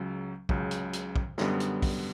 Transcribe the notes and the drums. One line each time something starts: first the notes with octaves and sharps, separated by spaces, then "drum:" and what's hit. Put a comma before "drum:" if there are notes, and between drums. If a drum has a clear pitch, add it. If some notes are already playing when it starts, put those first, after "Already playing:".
Already playing: C#2 C#3 F#3
C#2 C#3 F#3, drum: kick
drum: hi-hat
drum: hi-hat
drum: kick
F#2 D3 G3 B3, drum: snare
drum: hi-hat
drum: kick, open hi-hat